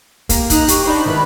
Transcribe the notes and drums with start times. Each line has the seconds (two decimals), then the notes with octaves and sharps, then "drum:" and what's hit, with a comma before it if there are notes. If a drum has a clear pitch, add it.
0.29 A#3 G4 A#4, drum: kick, hi-hat
0.50 D#4 A#5 D#6 F#6, drum: kick, hi-hat
0.68 G4 C#6, drum: hi-hat
0.85 D4 D#4 C5 B5
1.06 G#2 D#3 E4 B4